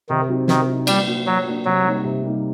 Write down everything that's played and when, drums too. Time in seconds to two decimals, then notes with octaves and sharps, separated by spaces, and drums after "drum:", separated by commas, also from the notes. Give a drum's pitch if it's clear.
0.09 C3 D#3
0.29 F#3 C4 D#4
0.48 C3 D#3, drum: snare
0.68 F#3 C4 D#4
0.87 A#2 G3, drum: cymbal
1.06 F#3 A#3 D4
1.26 A#2 F#3
1.46 F#3 A#3 D4
1.65 C3 F#3
1.85 G3 A#3 D#4
2.04 C3
2.23 G3 A#3 D#4